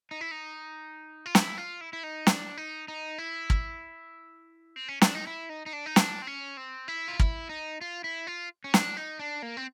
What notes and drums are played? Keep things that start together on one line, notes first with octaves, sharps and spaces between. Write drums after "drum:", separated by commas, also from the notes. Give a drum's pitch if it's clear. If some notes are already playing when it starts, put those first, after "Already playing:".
D#4
E4
D#4
F4
E4, drum: snare
F4
E4
E4
D#4
D4, drum: snare
D#4
D#4
E4
drum: kick
C4
C#4
D4, drum: snare
D#4
E4
D#4
D#4
D4
D#4
D4, drum: snare
C4
C#4
C4
E4
F4
E4, drum: kick
D#4
F4
E4
F4
C#4
D4, drum: snare
D#4
D4
A#3
C4